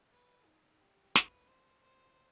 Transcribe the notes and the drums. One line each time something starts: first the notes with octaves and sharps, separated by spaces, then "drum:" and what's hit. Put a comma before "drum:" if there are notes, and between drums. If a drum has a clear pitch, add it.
B4
D#4
G4
B4, drum: snare
C5
C5